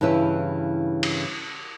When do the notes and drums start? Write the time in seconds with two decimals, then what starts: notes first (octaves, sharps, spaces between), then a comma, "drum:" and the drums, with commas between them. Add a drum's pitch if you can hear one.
0.01 G2 C#3 E3 E4 G4 B4
1.03 drum: cymbal